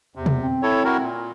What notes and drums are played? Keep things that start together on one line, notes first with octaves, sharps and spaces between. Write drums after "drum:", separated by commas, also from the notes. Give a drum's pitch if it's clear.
E2 C3
drum: tom
C4
E4 A4 C#5
E4 F#4 A#4
A#2